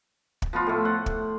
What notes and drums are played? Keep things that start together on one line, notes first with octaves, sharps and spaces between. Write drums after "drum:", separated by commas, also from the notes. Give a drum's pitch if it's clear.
drum: kick
F3 B3 F4
A2 A3
C5 F#5
drum: kick